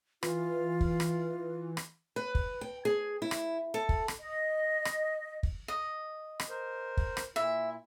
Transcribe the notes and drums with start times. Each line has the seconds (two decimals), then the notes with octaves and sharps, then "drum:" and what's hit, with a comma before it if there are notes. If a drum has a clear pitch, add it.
0.23 E3 F4, drum: rim click
0.81 drum: kick
1.00 drum: rim click
1.77 drum: rim click
2.16 B4
2.35 drum: kick
2.61 G5
2.85 G#4
3.22 E4
3.31 drum: rim click
3.74 A4
3.89 drum: kick
4.08 drum: rim click
4.20 D#5
4.85 drum: rim click
5.43 drum: kick
5.68 D#5
6.40 drum: rim click
6.50 A#4 C5
6.97 drum: kick
7.17 drum: rim click
7.36 A#2 E4 E5